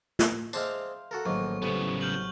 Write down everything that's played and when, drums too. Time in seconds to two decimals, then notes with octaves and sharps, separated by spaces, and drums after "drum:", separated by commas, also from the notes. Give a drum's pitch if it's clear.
0.19 drum: snare
0.53 G#3 C4 D4 C5 E5 F5, drum: tambourine
1.11 F#4 A4 A#4
1.25 A1 G#2 D#3 F#3 A#3 C#6
1.62 C2 A2 C#3 B3
2.01 F6 G6 F#7